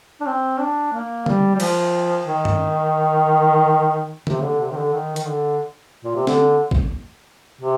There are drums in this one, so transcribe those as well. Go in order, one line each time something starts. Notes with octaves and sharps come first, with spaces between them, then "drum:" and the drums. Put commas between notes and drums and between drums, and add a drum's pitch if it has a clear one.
D4
C4
D4
A#3
G3, drum: tom D3
G3
F3, drum: cymbal
D#3
drum: tom G2
C3, drum: tom D3
D3
C3
D#3
D3
D#3
D#3, drum: hi-hat
D3
A#2
C3
D3, drum: snare
drum: kick
C3